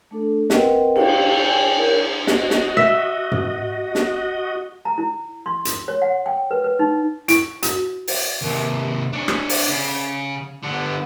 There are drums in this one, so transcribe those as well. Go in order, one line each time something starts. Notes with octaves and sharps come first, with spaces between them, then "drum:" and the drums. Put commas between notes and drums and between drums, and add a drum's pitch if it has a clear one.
A3 D4 A4
C4 A#4 B4 D#5 F#5 G5, drum: snare
E4 G4 F5 G5, drum: cymbal
C#5 G5 G#5
E4 A#4 C#5
F#4 D#5, drum: snare
drum: snare
E5
drum: tom
drum: snare
A#5
E4
C6
drum: hi-hat
C#5
F#5
G5
B4
B4
D#4
E4, drum: hi-hat
F#4, drum: hi-hat
drum: open hi-hat
D#2 C3
D4 C#5
drum: rim click
drum: open hi-hat
C#3
D3 B3